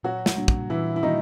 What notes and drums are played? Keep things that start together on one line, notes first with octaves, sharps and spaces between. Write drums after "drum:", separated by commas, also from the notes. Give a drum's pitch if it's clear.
A#2 F#3 F#4
drum: snare
G3 A#3 D4 F#4
drum: kick
A#2 E3 E4
E4
D#3 G3 A#3 D4 D#4 F#4